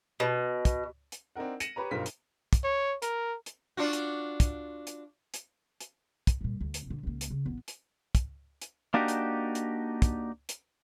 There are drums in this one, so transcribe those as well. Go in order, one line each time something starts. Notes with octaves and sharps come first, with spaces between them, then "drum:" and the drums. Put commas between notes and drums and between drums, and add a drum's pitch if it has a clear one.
B2
drum: kick, hi-hat
drum: hi-hat
C4 D4 D#4 A#4 F#5
A#6 C#7 D#7 E7 F#7, drum: hi-hat
G4 B4 C#5 A#5
B1 G2 F4 A#4 C5 B6
drum: hi-hat
drum: kick, hi-hat
C#5
A#4, drum: hi-hat
drum: hi-hat
D4 F4 F#4
drum: hi-hat
drum: kick, hi-hat
drum: hi-hat
drum: hi-hat
drum: hi-hat
drum: kick, hi-hat
A#2 G3
D2
drum: hi-hat
A#2 D3
C#2 A#3
drum: hi-hat
C#3
A1 B3
drum: hi-hat
drum: kick, hi-hat
drum: hi-hat
A#3 D4 D#4 F#4 G4
drum: hi-hat
drum: hi-hat
drum: kick, hi-hat
drum: hi-hat